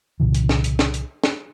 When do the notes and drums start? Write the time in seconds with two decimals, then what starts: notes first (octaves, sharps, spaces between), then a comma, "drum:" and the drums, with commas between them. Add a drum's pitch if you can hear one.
0.20 C2 A#2 C#3 E3
0.35 drum: hi-hat
0.49 drum: snare
0.64 drum: hi-hat
0.79 drum: snare
0.94 drum: hi-hat
1.24 drum: snare